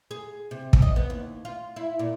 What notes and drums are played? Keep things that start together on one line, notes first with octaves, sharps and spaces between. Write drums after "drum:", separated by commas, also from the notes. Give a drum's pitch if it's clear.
G#4
C3
drum: kick
D#5
B3
D#2
F4
E4
A#2